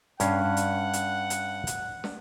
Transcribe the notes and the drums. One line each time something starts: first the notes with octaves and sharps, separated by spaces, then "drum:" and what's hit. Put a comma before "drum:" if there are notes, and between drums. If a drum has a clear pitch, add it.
G2 C#4 F5 F#5, drum: hi-hat
drum: hi-hat
drum: hi-hat
drum: hi-hat
drum: hi-hat
drum: snare